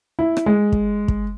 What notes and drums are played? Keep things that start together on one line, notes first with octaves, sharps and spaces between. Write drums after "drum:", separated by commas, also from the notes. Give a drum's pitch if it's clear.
E4
drum: rim click
G#3
drum: kick
drum: kick